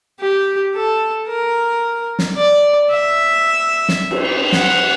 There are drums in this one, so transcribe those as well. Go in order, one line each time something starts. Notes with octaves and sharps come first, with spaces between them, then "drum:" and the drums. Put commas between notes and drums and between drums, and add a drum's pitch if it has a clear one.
G4
A4
A#4
drum: snare
D5
E5
drum: snare
drum: cymbal
F#5, drum: snare